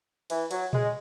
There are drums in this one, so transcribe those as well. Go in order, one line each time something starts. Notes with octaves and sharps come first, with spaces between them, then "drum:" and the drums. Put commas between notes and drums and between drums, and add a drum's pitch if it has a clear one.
E3, drum: cymbal
F#3, drum: cymbal
G#3, drum: tom A#2